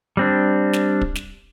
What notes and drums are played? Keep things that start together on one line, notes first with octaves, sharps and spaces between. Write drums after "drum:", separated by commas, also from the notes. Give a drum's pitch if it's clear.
G3 C4 D4
drum: snare
drum: kick
drum: snare